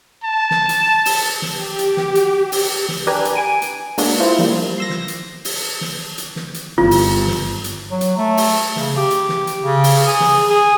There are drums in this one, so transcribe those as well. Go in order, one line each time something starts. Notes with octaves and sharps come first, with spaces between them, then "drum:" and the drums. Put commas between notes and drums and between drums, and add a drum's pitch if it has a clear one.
A5
drum: snare
drum: hi-hat
drum: open hi-hat
drum: snare
G4
drum: hi-hat
drum: snare
drum: hi-hat
drum: open hi-hat
drum: snare
D4 G4 A#4 B4 G#5
drum: hi-hat
G#5 D7 D#7
drum: hi-hat
G#3 A#3 B3 D4 F#4, drum: open hi-hat
E4 F4 C5
F3 G3 A#3
C6 E6 A#6
drum: snare
drum: hi-hat
drum: open hi-hat
drum: snare
drum: hi-hat
drum: snare
drum: hi-hat
G1 F3 F4
drum: open hi-hat
drum: snare
drum: hi-hat
F#3
drum: hi-hat
A3
drum: open hi-hat
C#3, drum: snare
G4
drum: hi-hat
drum: snare
drum: hi-hat
C#3
drum: open hi-hat
G#4
drum: snare
G#4